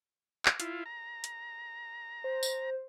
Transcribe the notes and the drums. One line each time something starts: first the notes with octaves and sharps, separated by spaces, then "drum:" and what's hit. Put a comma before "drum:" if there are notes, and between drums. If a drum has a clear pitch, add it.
drum: clap
E4 F4, drum: hi-hat
A#5
drum: hi-hat
C5
drum: tambourine